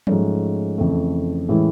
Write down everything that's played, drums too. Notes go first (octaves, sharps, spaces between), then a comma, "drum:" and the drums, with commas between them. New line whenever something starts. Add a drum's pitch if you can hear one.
G#2 F3 A3 C#4, drum: tom F#3
F2 C#3 E3 A3
A2 E3 G#3 C#4 E4